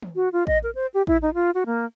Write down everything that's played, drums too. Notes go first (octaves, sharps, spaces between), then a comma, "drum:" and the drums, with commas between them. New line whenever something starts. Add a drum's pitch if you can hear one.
drum: tom D#3
F#4
F4
D#5, drum: kick A1
A#4
C5
G4
E4, drum: kick A1
D#4
F4
F#4
A#3